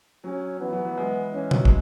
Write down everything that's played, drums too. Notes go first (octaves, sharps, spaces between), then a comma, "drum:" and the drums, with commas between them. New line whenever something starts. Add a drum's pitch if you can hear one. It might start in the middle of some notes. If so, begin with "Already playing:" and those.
F#3 C#4
E3 B3
F#3
E3
E3 G#3
E3 C#4
F#3, drum: tom B2
G#3, drum: kick